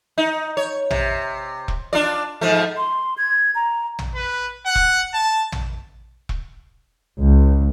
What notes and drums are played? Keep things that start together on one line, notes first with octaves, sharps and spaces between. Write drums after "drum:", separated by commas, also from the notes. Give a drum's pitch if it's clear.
D#4
C#5
C3, drum: tom
drum: kick E1
D4 F4 D5
G#2 F3 A3
C6
G#6
A#5
drum: tom
B4
F#5
drum: kick E1
A5
drum: tom
drum: kick E1
C#2